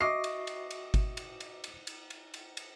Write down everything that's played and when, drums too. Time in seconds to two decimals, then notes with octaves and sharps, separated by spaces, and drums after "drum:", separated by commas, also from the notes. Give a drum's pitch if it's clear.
0.01 F#4 D#5 E5 C#6 D6 C7
0.24 drum: cymbal
0.47 drum: cymbal
0.71 drum: cymbal
0.94 drum: kick G1, cymbal
1.17 drum: cymbal
1.40 drum: cymbal
1.64 drum: cymbal
1.87 drum: cymbal
2.10 drum: cymbal
2.34 drum: cymbal
2.57 drum: cymbal